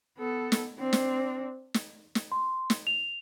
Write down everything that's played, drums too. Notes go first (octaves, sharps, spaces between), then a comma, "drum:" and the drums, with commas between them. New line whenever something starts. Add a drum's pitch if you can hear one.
B3 A4
drum: snare
C4 D4
drum: snare
drum: snare
drum: snare
C6
drum: snare
F7